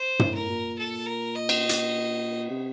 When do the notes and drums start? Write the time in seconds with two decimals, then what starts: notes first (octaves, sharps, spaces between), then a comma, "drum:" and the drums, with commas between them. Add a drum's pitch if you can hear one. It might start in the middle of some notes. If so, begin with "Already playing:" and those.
Already playing: C5
0.19 A2, drum: tom
0.34 A#4
0.49 A#2
0.78 A4
1.06 A#4
1.35 D#5
1.49 drum: cymbal
1.69 drum: hi-hat
2.50 C3